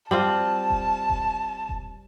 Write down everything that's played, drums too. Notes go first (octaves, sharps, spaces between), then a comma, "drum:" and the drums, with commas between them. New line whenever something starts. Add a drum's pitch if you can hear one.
G3 C4 F4 A5
drum: kick E1
drum: kick E1
drum: kick E1